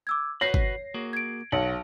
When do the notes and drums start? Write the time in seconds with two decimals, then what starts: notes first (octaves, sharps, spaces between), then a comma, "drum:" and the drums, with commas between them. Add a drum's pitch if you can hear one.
0.07 D6 E6 G#6
0.41 F#4 B4 C#5 B5 A#6 C7
0.54 drum: kick G1
0.94 A#3 F#4 G#4
1.13 G#6 D7
1.52 B1 F#5